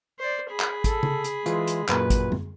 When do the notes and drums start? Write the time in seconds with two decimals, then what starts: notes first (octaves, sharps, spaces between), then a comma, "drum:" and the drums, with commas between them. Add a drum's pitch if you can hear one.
0.19 C5 D5
0.50 G#4 B5
0.60 drum: clap
0.84 A4, drum: kick, hi-hat
1.03 drum: tom C#3
1.24 drum: hi-hat
1.46 E3 G#3 F4, drum: hi-hat
1.67 drum: hi-hat
1.88 F#2 A#2 B4, drum: clap
2.10 drum: kick, hi-hat
2.32 drum: tom F#2